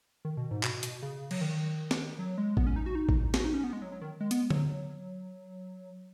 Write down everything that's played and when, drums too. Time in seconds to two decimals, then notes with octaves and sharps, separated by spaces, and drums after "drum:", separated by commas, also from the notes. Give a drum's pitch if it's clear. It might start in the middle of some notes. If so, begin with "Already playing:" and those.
0.25 D#3
0.37 B2
0.51 G#2
0.63 B2, drum: clap
0.83 B2, drum: hi-hat
1.02 C#3
1.31 F#3, drum: cymbal
1.41 D#3
1.91 drum: snare
2.19 F#3
2.38 G#3
2.57 B3, drum: kick A1
2.67 C#4
2.76 D#4
2.86 F#4
2.95 D#4
3.09 drum: kick A1
3.34 F#4, drum: snare
3.44 D#4
3.54 C#4
3.64 B3
3.73 G#3
3.82 F#3
3.92 F#3
4.01 D#3
4.21 G#3
4.31 B3, drum: hi-hat
4.50 F#3, drum: tom D3